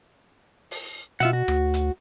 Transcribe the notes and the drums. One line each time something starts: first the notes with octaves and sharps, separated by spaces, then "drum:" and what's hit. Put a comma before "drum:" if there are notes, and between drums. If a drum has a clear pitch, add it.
drum: open hi-hat
B2 F4 E5 F#5, drum: hi-hat
F#4
D2, drum: rim click
drum: hi-hat